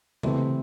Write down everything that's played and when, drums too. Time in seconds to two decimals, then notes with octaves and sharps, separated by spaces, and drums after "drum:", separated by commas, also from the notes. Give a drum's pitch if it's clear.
0.23 C3 E3 A3 C4 E4, drum: tom C#3